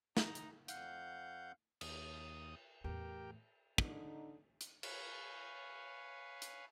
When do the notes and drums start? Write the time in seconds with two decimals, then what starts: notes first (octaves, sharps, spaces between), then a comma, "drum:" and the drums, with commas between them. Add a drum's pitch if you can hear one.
0.17 D#4, drum: snare
0.35 drum: hi-hat
0.68 F2 F5 F#5 G6, drum: hi-hat
1.81 D#2 D#6, drum: cymbal
2.84 E2 A2 G4 A#4 G5
3.78 D3 D#4, drum: kick
4.61 drum: hi-hat
4.83 B4 C#5 F5 G#5, drum: cymbal
6.42 drum: hi-hat